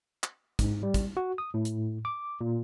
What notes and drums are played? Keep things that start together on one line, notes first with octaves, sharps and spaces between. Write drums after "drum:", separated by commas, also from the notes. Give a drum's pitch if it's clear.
drum: clap
G#2, drum: kick, hi-hat
G3
drum: kick, hi-hat
F#4
D#6
A2
drum: hi-hat
D6
A#2